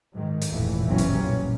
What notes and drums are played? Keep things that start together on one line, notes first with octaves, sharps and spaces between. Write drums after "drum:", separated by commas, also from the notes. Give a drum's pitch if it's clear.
G#2 D#3
drum: hi-hat
F1 A#1 F2 A2 E3
F#1 B1 E3 F#3 G3 C#4
drum: hi-hat
A#2